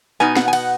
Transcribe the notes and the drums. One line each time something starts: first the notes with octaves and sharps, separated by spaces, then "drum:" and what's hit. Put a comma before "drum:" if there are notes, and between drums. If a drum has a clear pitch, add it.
B2 B3 D#4 G#5
F#5, drum: snare
G#5
F#5, drum: cymbal